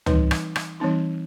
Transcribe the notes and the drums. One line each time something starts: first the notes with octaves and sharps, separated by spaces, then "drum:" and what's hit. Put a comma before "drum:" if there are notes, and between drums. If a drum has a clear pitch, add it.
E3 G3 C4 D#4 B4, drum: tom
drum: rim click
drum: rim click
E3 G3 C4 D#4